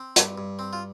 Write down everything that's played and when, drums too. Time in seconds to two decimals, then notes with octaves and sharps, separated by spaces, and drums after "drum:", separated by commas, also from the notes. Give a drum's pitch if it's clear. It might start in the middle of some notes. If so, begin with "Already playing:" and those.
Already playing: C4
0.16 G2, drum: hi-hat
0.38 G2
0.59 C4
0.73 F4